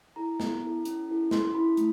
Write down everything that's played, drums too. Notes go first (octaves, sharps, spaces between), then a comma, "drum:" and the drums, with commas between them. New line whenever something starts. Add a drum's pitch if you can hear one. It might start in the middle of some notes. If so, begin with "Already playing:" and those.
E4 A4 A#5
B3, drum: snare
E4 A4
C#4, drum: hi-hat
E4 A4
C#4 C6, drum: snare
E4 A4 B5
A3, drum: hi-hat